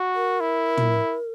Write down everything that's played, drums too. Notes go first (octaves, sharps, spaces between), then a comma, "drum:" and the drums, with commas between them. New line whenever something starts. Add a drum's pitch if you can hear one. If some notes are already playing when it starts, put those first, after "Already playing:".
Already playing: F#4
A#4
E4
drum: tom